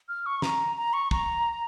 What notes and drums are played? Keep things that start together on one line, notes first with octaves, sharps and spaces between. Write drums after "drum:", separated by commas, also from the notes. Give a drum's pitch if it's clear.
F6
C#6
A#5, drum: snare
A#5
C#6
A#5, drum: kick